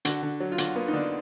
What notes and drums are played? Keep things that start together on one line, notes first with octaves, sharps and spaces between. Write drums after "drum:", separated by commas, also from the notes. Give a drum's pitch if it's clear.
D3 F#4, drum: hi-hat
D3
F#3
F4
D3 F#4, drum: hi-hat
A#3 B3
D#4
D3 D4